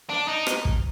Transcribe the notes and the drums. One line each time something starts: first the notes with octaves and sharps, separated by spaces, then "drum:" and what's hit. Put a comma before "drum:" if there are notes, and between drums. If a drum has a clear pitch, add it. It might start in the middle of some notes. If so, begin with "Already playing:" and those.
D4
D#4
drum: rim click
drum: kick